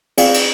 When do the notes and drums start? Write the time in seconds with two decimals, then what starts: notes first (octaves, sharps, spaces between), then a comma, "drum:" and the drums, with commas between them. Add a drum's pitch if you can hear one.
0.18 C4 F4 G#4 D5 F5, drum: cymbal
0.34 drum: cymbal